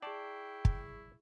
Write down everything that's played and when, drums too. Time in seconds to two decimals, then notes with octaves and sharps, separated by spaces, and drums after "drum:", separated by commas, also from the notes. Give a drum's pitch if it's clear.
0.02 E4 G#4 D5 G5 A5 C#6 C7
0.65 drum: kick